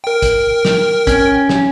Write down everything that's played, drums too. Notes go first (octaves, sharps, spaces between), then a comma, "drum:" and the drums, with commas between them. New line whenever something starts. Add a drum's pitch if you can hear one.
A#4 G5
drum: kick, hi-hat
drum: snare
C#4, drum: kick, hi-hat
drum: snare